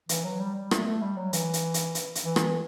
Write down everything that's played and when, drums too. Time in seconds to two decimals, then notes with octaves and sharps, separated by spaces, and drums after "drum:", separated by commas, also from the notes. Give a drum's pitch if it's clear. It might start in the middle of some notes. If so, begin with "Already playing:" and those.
0.09 E3, drum: hi-hat
0.24 F#3
0.40 G3
0.56 G3
0.71 A3, drum: rim click
0.86 A3
1.01 G3
1.17 F#3
1.33 E3, drum: hi-hat
1.53 drum: hi-hat
1.74 drum: hi-hat
1.95 drum: hi-hat
2.15 drum: hi-hat
2.25 E3
2.36 drum: rim click